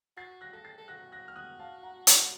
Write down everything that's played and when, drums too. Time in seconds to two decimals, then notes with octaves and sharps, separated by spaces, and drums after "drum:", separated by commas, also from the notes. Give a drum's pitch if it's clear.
0.17 F#4 A6 C7
0.41 F#6 A#6
0.53 A4 A#6
0.64 A6 C7
0.78 A4
0.88 F#4 F#6 A#6
1.12 F#6 A#6
1.28 F6
1.36 D#6 F#6
1.59 F5 A5
1.83 F#5 A#5
2.07 A#5 C#6, drum: hi-hat